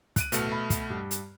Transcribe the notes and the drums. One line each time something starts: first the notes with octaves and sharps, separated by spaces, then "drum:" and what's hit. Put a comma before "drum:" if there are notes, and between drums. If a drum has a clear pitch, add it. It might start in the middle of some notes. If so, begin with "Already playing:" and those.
F#6 D7 D#7, drum: kick, hi-hat
D1 B2 A3 F6 C#7, drum: hi-hat
B5
drum: kick, hi-hat
G2
drum: hi-hat